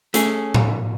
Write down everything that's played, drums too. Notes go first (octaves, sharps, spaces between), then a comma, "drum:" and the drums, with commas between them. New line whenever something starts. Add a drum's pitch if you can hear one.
A3 C#4 G#4, drum: hi-hat
drum: tom A2